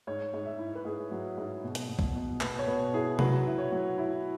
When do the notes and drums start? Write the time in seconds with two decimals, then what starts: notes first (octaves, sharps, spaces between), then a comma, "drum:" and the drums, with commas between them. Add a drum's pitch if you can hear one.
0.07 G#2 C#5
0.34 G#2
0.46 E5
0.59 E4
0.75 B4
0.85 G#2 G#4
1.11 F#3
1.38 G#2
1.64 B2
1.75 drum: hi-hat
1.89 B2
1.99 drum: kick
2.16 B2
2.41 B2 B4, drum: clap
2.59 C#5
2.67 B2 B4
2.94 E4 G#4
3.19 F#3 B4, drum: tom C3
3.46 E4
3.58 C#5
3.72 F#3
3.98 E4